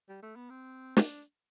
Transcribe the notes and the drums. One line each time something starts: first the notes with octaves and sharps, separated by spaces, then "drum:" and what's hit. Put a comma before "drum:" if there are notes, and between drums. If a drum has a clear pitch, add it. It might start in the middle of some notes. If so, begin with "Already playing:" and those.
G3
A3
B3
C4
D4, drum: snare